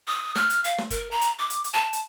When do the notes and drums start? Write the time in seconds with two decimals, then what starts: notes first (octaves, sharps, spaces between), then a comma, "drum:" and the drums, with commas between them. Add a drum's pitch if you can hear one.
0.07 D#6
0.35 F6, drum: snare
0.50 drum: hi-hat
0.64 F5, drum: hi-hat
0.78 drum: snare
0.90 A#4, drum: kick, hi-hat
1.11 A#5
1.21 drum: hi-hat
1.39 D6
1.50 drum: hi-hat
1.64 drum: hi-hat
1.74 A5
1.93 drum: hi-hat